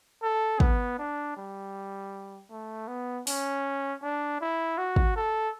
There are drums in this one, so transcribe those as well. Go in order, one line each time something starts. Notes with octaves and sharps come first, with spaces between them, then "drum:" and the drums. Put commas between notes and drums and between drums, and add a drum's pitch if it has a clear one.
A4
B3, drum: kick
D4
G3
A3
B3
C#4, drum: open hi-hat
D4
E4
F#4
drum: kick
A4